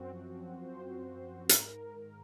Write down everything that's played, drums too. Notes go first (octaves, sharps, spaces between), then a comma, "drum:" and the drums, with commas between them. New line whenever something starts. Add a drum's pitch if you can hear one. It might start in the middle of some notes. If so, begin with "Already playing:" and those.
Already playing: F#2 C4 F#4
F3 C4
F#2 C5
F3 C5
G#2 A#4, drum: hi-hat
D#3